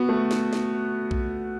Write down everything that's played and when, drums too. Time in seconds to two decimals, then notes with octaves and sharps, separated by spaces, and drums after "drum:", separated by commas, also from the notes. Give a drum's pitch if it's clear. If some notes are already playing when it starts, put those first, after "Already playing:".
Already playing: B3 F#4
0.09 A3
0.31 drum: snare
0.53 drum: snare
1.11 drum: kick B1